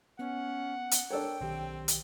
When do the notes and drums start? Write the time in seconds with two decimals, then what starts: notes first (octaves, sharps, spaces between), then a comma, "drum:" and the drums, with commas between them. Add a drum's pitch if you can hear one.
0.19 B3 C#4 F#5
0.91 drum: hi-hat
1.10 D4 A4 A#4 C#5 G5 E6
1.41 B1 D#3 C4 G4
1.88 drum: hi-hat